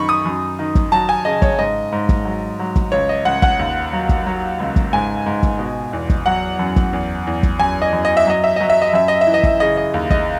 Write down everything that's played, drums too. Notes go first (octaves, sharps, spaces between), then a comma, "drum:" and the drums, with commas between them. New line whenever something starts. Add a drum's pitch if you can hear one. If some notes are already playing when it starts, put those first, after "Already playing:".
Already playing: F#2 D#3 B5 C#6
D#6
F#2
D#3
drum: kick
F#3 A5
G#5
C#3 D#5
C#5, drum: kick
G#2 D#5
G#2
drum: kick
F#3
F#3
drum: kick
C#2 C#5
D#5
C#2 F#5
F#5, drum: kick
D#2
F#3
drum: kick
F#3
C#2
drum: kick
G#2 G#5
G#2
drum: kick
B2
E2
drum: kick
F#3 F#5
F#2
drum: kick
E2
E2
drum: kick
F#2 G#5
D#5
F#2
D#5
E5
F#3 D#5
E5
F#3 D#5
E5
D#5
F#2 E5
D#5
E5
E3
D#5
drum: kick
C#3 D#5
D#5
D#2
D#5, drum: kick